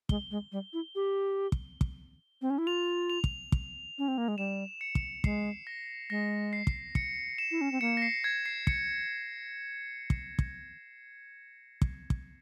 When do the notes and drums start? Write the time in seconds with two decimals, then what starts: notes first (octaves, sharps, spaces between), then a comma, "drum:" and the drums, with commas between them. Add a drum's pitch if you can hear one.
0.09 G#3 G7, drum: kick
0.31 G#3
0.52 G3
0.73 E4
0.95 G4
1.52 drum: kick
1.81 drum: kick
2.42 C4
2.50 C#4
2.58 E4
2.67 F4 F7
3.10 F7
3.24 drum: kick
3.52 drum: kick
3.98 C#4
4.08 C4
4.18 A#3
4.28 G#3
4.38 G3 E7
4.81 C#7
4.95 drum: kick
5.24 G#3 C7, drum: kick
5.67 A#6
6.10 G#3 A#6
6.53 C7
6.67 drum: kick
6.95 C#7, drum: kick
7.38 E7
7.51 E4
7.61 C#4
7.72 C4
7.81 A#3 C#7
7.97 A#6
8.02 C7
8.24 G#6
8.46 C7
8.67 C#7, drum: kick
10.10 drum: kick
10.39 drum: kick
11.82 drum: kick
12.10 drum: kick